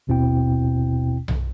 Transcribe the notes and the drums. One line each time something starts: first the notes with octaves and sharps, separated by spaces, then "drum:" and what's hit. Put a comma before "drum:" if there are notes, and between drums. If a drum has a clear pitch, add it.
G1 D#2 B2 C4 E4 G5
drum: tom B1